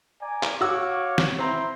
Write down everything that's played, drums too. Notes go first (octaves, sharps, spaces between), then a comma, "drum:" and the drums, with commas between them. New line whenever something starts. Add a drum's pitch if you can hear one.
D5 G#5 A#5
drum: clap
F#4 C#5 F5 D6 E6
drum: snare
C4 E4 E5 A#5 C6